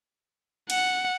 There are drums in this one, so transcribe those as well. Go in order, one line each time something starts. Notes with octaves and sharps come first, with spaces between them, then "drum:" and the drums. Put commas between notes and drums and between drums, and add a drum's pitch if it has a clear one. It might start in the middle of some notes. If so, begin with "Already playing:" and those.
F#5, drum: cymbal